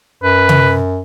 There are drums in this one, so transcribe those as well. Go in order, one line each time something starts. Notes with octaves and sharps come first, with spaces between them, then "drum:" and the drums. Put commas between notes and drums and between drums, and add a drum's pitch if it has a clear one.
F#2 B4
drum: tom C3